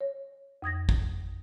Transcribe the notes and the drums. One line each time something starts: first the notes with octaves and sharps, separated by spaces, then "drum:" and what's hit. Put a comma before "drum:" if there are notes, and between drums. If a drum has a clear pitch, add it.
C#5
F2 D#6 G#6 A#6
drum: kick